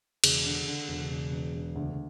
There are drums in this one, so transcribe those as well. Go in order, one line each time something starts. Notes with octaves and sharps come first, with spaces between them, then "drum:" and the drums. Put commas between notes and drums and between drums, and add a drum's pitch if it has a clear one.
E1 C#3, drum: cymbal
D3
D3
E1
E1
E1
E1
D2